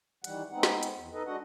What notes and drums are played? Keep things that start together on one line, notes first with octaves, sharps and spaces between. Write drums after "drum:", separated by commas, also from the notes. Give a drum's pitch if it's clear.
D#3 E3 G3 F#5, drum: hi-hat
G#3 B3 C4 D#4 F#5
drum: snare
drum: hi-hat
E2
D#4 A4 B4 D#5
G#3 D4 F#4 D#5 F#5